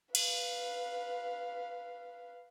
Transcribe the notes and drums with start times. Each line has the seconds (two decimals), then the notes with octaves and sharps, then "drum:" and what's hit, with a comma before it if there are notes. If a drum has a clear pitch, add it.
0.15 B4 F5, drum: cymbal